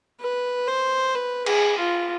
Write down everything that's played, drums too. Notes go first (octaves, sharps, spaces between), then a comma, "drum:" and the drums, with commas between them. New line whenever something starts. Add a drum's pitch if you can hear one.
B4
C5
B4
G#4, drum: cymbal
F4